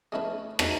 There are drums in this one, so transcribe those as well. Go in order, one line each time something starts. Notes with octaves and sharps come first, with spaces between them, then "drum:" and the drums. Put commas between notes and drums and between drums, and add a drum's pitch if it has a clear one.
G#3 A3 C#4 E4 B4
G#3 C#4 D#4 E4 F#4 B4, drum: rim click